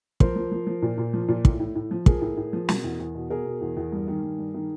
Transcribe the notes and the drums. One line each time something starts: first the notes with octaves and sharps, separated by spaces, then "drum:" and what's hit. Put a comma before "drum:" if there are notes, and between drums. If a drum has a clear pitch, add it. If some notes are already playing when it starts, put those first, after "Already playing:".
F3 A#4 C5, drum: kick
F3
F3
F3
A#2
A#2
F3
A#2
A2, drum: kick
A2
A2
F3
F3 G#4 A#4, drum: kick
A2
A2
F3
B2, drum: snare
E2
E2
B2
B2 G#4 A#4
B2
E2
E2
G2
D#3
G2
G2
D#3